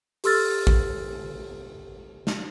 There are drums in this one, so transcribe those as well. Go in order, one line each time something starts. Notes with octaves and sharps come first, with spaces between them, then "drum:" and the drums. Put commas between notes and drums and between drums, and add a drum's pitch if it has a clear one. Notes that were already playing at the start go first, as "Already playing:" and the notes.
G4 A4 C6 E6 F6 A6, drum: open hi-hat
drum: kick
drum: snare